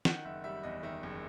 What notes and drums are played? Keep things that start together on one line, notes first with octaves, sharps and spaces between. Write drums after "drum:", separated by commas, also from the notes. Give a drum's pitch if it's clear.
D#3 F#5, drum: snare
F#1 E5
G3 E5
E2 D#5
D#3 E5
F#1